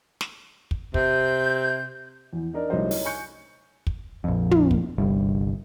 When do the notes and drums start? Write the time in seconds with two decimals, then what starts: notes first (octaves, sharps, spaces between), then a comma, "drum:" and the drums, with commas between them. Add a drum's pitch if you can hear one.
0.21 drum: snare
0.71 drum: kick
0.94 C3 G6, drum: kick
2.33 E2 E3
2.53 D4 D#4 A#4 D5
2.70 C2 F#3 A3 C#4 D#4 C5
2.91 D#4 C#5, drum: open hi-hat
3.05 G#5 C#6 F#6 G6 C#7
3.87 drum: kick
4.24 A#1 F2
4.51 drum: tom
4.71 drum: kick
4.98 G1 C2 G2